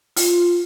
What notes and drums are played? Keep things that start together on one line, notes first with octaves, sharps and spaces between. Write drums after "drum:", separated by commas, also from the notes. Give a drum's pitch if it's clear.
F4, drum: open hi-hat